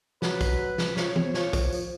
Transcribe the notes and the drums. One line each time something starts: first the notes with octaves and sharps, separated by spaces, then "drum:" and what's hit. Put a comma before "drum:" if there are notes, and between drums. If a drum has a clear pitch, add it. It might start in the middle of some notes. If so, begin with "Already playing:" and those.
F#3 B4, drum: snare
drum: kick, tambourine
drum: snare
F3 C#5, drum: snare
drum: tom
F3 C#5, drum: snare
drum: kick, tambourine
F3, drum: tambourine